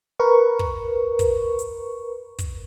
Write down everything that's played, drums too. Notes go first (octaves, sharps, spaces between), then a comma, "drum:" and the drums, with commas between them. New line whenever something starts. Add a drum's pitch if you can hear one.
A#4 B4 C#6
drum: kick
drum: kick, hi-hat
drum: hi-hat
drum: kick, hi-hat